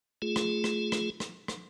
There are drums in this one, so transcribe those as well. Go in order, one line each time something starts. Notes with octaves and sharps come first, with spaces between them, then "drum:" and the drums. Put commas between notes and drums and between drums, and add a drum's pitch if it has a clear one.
A3 F4 G#4
drum: rim click
drum: rim click
drum: rim click
drum: rim click
drum: rim click